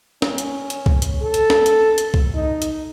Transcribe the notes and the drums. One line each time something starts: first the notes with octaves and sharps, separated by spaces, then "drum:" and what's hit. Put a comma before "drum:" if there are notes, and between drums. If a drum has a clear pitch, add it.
C#4, drum: snare
drum: hi-hat
drum: hi-hat
drum: kick
drum: hi-hat
A4
drum: hi-hat
drum: snare
drum: hi-hat
drum: hi-hat
drum: kick
D#4
drum: hi-hat